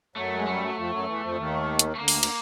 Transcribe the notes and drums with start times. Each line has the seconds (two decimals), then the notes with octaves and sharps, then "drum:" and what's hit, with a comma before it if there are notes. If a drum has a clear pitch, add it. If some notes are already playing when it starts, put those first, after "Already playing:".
0.16 F#2 F#3 A3
0.36 G#3
0.46 G3 A3
0.64 F#3
0.77 F2 F3
0.92 F#2 F#3
1.08 E2 E3
1.23 F2 F3
1.38 D#2 D#3
1.79 drum: hi-hat
1.95 A3
1.99 D2 D3 A#3
2.08 drum: open hi-hat
2.23 D3, drum: cymbal